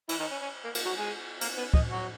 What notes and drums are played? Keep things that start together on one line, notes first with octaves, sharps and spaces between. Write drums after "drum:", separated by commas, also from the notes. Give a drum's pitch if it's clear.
E3 E4, drum: cymbal
D#3 D#4
C#4
C#4
A#3
A#3, drum: cymbal
F#3 F#4
G#3 G#4
A#3 A#4, drum: cymbal
B3 B4
D#4 D#5, drum: kick
F#3 F#4